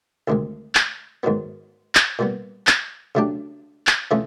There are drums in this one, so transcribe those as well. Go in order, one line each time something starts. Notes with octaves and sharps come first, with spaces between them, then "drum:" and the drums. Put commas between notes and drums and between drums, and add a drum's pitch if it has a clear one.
D2 C3 D#3 G#3
drum: clap
G#2 D#3 F#3 B3
drum: clap
A#2 G3 B3
drum: clap
C#3 F#3 A3 D4 G4
drum: clap
E3 A3 C#4 F4 G#4